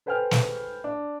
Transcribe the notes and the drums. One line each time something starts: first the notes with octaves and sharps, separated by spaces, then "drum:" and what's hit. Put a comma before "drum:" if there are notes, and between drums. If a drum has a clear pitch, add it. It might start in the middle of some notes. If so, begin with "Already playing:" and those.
A4 B4 C5 G5 G#5 F6
drum: snare
D4